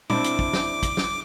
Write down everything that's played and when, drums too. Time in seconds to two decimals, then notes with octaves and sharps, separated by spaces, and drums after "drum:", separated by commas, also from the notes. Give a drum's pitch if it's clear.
0.10 C4 D4 E4 D6, drum: tom A#2
0.24 drum: hi-hat
0.39 drum: kick
0.53 drum: snare
0.83 drum: kick, hi-hat
0.97 drum: snare